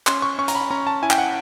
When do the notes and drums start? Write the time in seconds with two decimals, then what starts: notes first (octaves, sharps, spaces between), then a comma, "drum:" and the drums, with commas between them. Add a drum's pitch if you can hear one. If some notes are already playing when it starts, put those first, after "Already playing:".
0.07 C#4 C6, drum: clap
0.22 C#6
0.38 C#4 C#6
0.48 A#5, drum: hi-hat
0.55 B5
0.71 C#4 A#5
0.87 A5
1.02 E4 G#5
1.11 G5, drum: clap
1.18 F#5